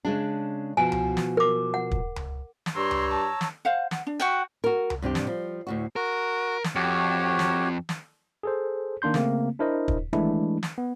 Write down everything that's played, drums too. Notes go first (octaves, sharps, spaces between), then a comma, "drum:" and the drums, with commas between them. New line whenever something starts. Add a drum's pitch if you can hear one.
C#3 G#3 D4
B2 F3 G#5
drum: tom C#2
drum: snare
A#4 D6
F#5
drum: kick
drum: tom C#2
drum: snare
G2 C#5 A#5 C6 E6
drum: tom C#2
A5
drum: snare
C5 F5 F#5
F#5, drum: snare
D4
F#4 E5 F#5 G5
F#4 A#4
drum: tom C#2
G2 C3 D4 G4
drum: snare
F3 G3
D2 A2 F#4
F#4 A#4
drum: snare
F2 F#4 G4 C#5
drum: snare
drum: snare
G#4 A4 C5
D#3 A#3 D4 C6 G6
C#3 A3 A#3 C4, drum: snare
D4 E4 A#4 C5 D#5
drum: kick
E3 G#3 A3 D4 E4, drum: tom D#3
drum: snare
B3